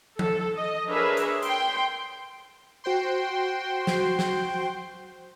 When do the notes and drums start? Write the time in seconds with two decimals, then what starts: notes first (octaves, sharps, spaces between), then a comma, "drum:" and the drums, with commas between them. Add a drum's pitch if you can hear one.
0.19 A4, drum: tom F3
0.56 D#5
0.88 D4 G#4 A#4 B4 C#5 E5
1.17 drum: hi-hat
1.42 G5 C6, drum: hi-hat
2.84 F#4 C5 G5 C6
3.87 drum: snare
4.19 drum: snare